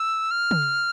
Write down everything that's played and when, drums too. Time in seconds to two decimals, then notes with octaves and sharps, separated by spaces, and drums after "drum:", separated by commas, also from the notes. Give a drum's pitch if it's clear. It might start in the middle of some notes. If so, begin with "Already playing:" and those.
Already playing: E6
0.31 F6
0.51 drum: tom